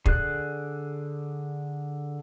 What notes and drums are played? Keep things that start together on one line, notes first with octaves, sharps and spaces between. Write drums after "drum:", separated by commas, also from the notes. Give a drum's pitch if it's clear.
D3 G#4 D5 F#6, drum: kick